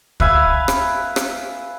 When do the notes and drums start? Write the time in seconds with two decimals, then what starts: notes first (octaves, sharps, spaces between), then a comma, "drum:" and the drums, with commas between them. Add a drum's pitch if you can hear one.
0.20 B4 E5 F5 G#5, drum: kick
0.68 drum: rim click
1.16 drum: rim click